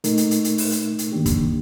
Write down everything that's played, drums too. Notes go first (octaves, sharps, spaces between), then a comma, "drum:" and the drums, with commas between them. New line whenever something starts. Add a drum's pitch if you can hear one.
A#2 A3 D#4 A#4, drum: hi-hat
drum: hi-hat
drum: hi-hat
drum: hi-hat
drum: open hi-hat
drum: hi-hat
drum: hi-hat
G2 D#3 A#3 D4 G4
drum: kick, hi-hat